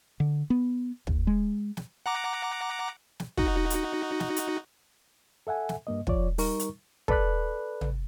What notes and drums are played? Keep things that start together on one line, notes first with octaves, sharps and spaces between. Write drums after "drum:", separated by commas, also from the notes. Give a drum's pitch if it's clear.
D3
B3
D#2, drum: kick
G#3
drum: snare
F#5 A#5 D6
drum: snare
D#4 F#4, drum: kick
drum: hi-hat
drum: snare
drum: hi-hat
A4 E5 F#5 G#5
drum: snare
G2 A#3 D#5
F2 F3 F4 C#5 D5, drum: kick
G3 D#4 A#4 C#6, drum: open hi-hat
drum: hi-hat
A4 B4 D5 B5 F#6, drum: kick
drum: tom